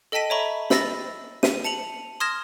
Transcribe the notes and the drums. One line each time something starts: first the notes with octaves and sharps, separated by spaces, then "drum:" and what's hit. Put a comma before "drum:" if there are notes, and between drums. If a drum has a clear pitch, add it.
A4 D#5 G5 A5 B6 D#7
C#5 E5 A#5 B5 C#6
B5 E6 A6 A#6, drum: snare
D#7, drum: snare
A5 C#7 F7 F#7
C6 D#6 F6 G#6 A#6 E7